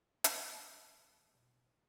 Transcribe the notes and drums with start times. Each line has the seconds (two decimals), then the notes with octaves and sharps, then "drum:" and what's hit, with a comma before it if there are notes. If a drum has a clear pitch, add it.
0.24 A4, drum: hi-hat
1.33 G2 B2